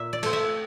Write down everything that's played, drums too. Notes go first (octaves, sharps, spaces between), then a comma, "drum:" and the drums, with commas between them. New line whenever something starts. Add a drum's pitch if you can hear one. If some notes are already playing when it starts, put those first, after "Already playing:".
Already playing: A#2 E5
D5
A3 C4, drum: cymbal
E5